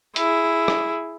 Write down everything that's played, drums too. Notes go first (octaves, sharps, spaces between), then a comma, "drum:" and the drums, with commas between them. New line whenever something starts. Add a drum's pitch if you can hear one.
E4 G#4, drum: hi-hat
drum: rim click